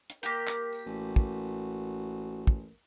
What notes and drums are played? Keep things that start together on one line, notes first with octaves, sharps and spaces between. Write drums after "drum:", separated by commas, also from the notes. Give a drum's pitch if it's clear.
drum: hi-hat
A#3 G4 A#4, drum: hi-hat
drum: clap
drum: tambourine
A1 F#4
drum: kick
drum: kick